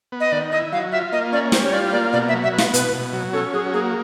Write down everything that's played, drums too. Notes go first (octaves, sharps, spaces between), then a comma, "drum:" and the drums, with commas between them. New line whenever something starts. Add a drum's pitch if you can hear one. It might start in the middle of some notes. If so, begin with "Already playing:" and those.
B3
D#5
D#3 D5
E4 D#5
F#3 F5
F4 E5
A#3 D#5
C#4 D5
G3 C5, drum: snare
C#5
F4 D5
A#3 D5
B2 D5
E5
F#3
E5
B3
F5, drum: snare
B2 B4, drum: hi-hat
B2
F#3
C#4 A4
F#3 G#4
A#3 G#4